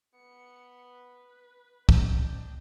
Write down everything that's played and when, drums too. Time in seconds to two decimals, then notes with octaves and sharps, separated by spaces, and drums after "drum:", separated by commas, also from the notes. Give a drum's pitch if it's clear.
0.15 B3 C#7
0.86 B4
1.89 F2 A#2 C#3 D4 D#5 G5, drum: kick